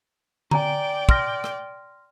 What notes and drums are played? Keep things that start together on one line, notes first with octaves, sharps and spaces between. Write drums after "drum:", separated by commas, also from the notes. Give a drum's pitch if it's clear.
D5 G5 G#5 A#5, drum: tom D3
C6 F6 A#6, drum: kick
drum: rim click